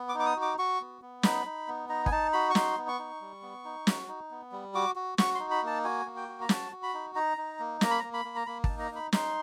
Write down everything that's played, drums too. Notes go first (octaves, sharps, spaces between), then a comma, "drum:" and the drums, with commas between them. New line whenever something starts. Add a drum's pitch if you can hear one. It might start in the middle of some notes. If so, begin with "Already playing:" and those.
Already playing: B3
D6
D#4
D6
D#6
F#4
D6
F#4 C#6
B3
B3
D#4 B5, drum: snare
D#4
B3
D#4 A#5
G#5, drum: kick
D#4 A5
F#4 B5
C#6
D#4 C6, drum: snare
B3
C#6
D#4
G3
B3
D#4
F#4, drum: snare
D#4
B3
G3
F#4 D6
F#4
F#4 C#6, drum: snare
D#4 C6
B5
A#3 A5
F#4 G#5
A#3
G5
F#4
A#5
F#4 A5, drum: snare
F#4
B5
D#4
D#4 A#5
D#4
A#3
A#3 A#5, drum: snare
B5
A#3 A#5
B5
A#3
A#5
A#3 B5
D#4 A5, drum: kick
A#5
D#4 B5
D#4 C6, drum: snare